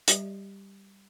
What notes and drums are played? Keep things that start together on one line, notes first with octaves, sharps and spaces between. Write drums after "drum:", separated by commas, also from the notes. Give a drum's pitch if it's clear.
G3 G4 D5 E5, drum: hi-hat